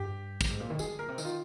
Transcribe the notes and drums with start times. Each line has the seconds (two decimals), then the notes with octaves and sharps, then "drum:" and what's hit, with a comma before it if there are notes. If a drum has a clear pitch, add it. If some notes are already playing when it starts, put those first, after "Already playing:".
Already playing: G2 G4
0.41 G2, drum: kick, tambourine
0.50 G#2
0.60 A#2
0.70 D#3
0.79 G3 G#4, drum: tambourine
0.89 D3
0.99 A#2 A#4
1.08 C3
1.18 D#3, drum: tambourine
1.25 F4